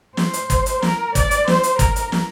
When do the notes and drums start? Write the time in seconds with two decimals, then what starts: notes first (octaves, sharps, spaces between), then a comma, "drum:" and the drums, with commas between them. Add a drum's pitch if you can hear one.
0.17 C5, drum: snare
0.33 drum: hi-hat
0.50 drum: kick G1, hi-hat
0.66 drum: hi-hat
0.82 A#4, drum: snare
1.15 D5, drum: kick G1, hi-hat
1.31 drum: hi-hat
1.48 C5, drum: snare
1.63 drum: hi-hat
1.79 A#4, drum: kick G1, hi-hat
1.96 drum: hi-hat
2.12 drum: snare